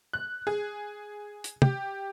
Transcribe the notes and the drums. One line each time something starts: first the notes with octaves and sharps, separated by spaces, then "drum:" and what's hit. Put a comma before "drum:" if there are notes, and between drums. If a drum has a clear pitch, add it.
F#6
G#4
drum: hi-hat
G4, drum: tom